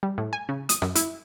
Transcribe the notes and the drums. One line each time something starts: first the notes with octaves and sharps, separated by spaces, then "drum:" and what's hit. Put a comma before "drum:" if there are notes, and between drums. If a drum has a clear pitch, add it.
G3
A2
G#5
C#3
D#6, drum: hi-hat
F#2, drum: rim click
E4, drum: hi-hat